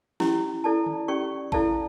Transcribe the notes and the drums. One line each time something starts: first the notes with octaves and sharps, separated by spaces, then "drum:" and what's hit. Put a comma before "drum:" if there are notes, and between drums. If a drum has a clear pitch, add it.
C#4 E4 G4, drum: snare
E4 A4 D5 A5
drum: tom D3
C#4 G4 D5 G5 C#6
E4 A4 D5 F5 A5, drum: kick A#1